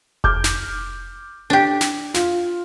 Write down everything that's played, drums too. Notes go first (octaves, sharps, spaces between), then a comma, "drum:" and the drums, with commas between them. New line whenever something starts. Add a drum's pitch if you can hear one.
D6 F6 G6, drum: kick F1
drum: snare
D4 G4
drum: snare
F4, drum: snare